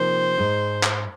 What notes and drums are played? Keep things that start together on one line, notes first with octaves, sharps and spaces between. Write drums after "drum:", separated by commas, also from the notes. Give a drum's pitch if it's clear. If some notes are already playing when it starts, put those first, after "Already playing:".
Already playing: C3 F3 A#3 D#4 C5
G#2 G#3 D#4
drum: clap